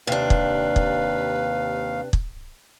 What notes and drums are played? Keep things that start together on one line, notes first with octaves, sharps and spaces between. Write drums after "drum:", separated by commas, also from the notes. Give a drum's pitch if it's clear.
D#2 C3 D4 B4 F5
drum: kick
drum: kick
drum: kick